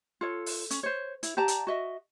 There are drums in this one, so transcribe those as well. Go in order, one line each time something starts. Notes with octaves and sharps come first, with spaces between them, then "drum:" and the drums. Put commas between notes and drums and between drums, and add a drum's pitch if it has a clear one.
F4 A4 C#5
drum: open hi-hat
C#4, drum: hi-hat
C5 C#5
E4, drum: hi-hat
G4 D5 A5 A#5
drum: hi-hat
F#4 D#5 E5